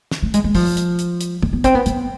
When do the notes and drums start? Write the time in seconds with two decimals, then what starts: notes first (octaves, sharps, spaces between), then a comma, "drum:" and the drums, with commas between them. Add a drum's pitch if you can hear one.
0.11 drum: snare
0.23 A3
0.34 G#3, drum: hi-hat
0.44 G#3
0.55 F3, drum: kick, open hi-hat
0.77 drum: hi-hat
0.99 drum: hi-hat
1.21 drum: hi-hat
1.43 G#3, drum: tom
1.53 B3
1.64 C4, drum: kick, hi-hat
1.75 B3
1.86 B3, drum: hi-hat